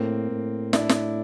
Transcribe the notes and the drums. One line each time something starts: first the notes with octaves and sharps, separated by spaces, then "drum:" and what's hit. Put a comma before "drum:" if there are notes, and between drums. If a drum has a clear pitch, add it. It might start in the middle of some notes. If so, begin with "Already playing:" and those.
Already playing: A2 A#3 C4
A2
D4 E4, drum: snare
drum: snare